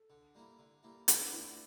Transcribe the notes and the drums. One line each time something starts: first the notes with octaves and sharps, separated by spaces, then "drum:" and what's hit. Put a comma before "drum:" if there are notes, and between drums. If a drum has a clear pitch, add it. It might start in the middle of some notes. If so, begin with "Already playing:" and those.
Already playing: A4
D3
G3 A#3 E4
D3
G3 A#3 E4
G2 E4, drum: hi-hat
D4
F3 A3 C4 E4
E4